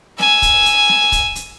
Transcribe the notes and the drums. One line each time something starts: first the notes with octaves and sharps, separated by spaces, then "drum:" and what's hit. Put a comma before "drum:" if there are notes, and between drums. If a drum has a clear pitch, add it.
G#5 E6, drum: snare
drum: kick, hi-hat
drum: hi-hat
drum: snare
drum: kick, hi-hat
drum: hi-hat